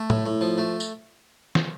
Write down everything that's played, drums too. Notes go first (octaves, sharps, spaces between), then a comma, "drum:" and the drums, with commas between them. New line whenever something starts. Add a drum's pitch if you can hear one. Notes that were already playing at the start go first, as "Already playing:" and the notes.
Already playing: A3
A2, drum: tom A2
A2
F3
A3
drum: tambourine
drum: snare